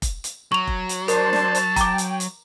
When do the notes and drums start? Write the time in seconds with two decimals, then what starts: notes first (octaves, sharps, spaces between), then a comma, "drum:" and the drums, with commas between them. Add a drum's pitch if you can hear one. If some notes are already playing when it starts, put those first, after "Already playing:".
0.02 drum: kick F1, hi-hat
0.24 drum: hi-hat
0.52 F#3 C#6 F7
0.67 drum: kick F1
0.89 drum: hi-hat
1.08 D4 A#4 C5 A5, drum: hi-hat
1.33 drum: snare
1.55 drum: hi-hat
1.76 G5 A#5 D6, drum: kick F1, hi-hat
1.98 drum: hi-hat
2.20 drum: hi-hat